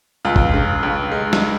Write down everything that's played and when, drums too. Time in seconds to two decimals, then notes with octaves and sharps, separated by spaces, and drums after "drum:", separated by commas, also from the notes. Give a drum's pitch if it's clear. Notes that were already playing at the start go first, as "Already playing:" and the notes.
0.25 C#2 F4
0.36 drum: kick
0.54 C#3
0.83 C#2
1.12 G#3
1.33 drum: snare